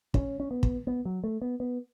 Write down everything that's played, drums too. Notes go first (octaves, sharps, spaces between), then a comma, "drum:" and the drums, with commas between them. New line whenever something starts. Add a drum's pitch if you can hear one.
C#4, drum: kick
C#4
B3
drum: kick
B3
F#3
A3
B3
B3